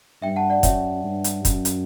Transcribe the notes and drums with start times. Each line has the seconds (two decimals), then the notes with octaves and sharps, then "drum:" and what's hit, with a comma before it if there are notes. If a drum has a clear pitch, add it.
0.22 G2 E5 G5
0.36 F#5 A5
0.50 D5 F#5
0.63 F#2 C#5 E5, drum: kick, hi-hat
1.04 G2
1.24 drum: hi-hat
1.45 F#2, drum: kick, hi-hat
1.65 drum: hi-hat